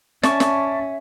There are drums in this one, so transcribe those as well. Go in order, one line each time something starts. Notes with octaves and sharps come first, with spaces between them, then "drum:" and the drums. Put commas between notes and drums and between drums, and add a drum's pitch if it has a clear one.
C#4 D5 E5 A5 C#6, drum: snare
drum: snare